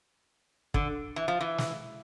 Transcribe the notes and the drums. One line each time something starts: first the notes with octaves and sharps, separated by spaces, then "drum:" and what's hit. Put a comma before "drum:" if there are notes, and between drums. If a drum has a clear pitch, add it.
D3, drum: kick
E3
F3
E3
drum: snare